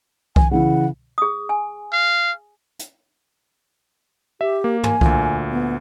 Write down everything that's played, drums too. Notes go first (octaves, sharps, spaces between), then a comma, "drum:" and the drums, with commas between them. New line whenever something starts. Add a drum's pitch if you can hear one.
G#5, drum: kick C2
C#3 E3 E4 F#5
G#4 D#6
G#5
F5
drum: hi-hat
G4 E5
A#3
G#5, drum: tom
D2 A#2, drum: kick C2
B3